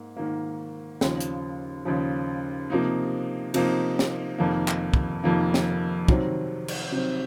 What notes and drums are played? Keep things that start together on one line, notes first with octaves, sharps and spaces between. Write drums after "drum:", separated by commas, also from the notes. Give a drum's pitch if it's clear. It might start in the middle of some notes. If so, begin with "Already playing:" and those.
Already playing: G#2 A#3
G#2 D#3 A#3
D#2 C#3 F3, drum: snare
drum: hi-hat
D#2 C#3 F3
C3 F3 A#3 D#4
C3 F3 A#3 D#4, drum: cymbal
drum: snare
F1 F2 D#3 A#3
drum: clap
drum: kick
F1 F2 D#3 A#3
drum: snare
C3 D#3 F#3 C4, drum: kick
drum: cymbal
C3 D#3 F#3 C4